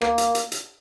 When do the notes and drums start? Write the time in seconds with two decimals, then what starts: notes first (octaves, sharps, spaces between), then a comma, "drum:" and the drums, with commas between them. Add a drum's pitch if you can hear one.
0.01 A#3, drum: rim click
0.18 drum: hi-hat
0.35 drum: hi-hat
0.52 drum: hi-hat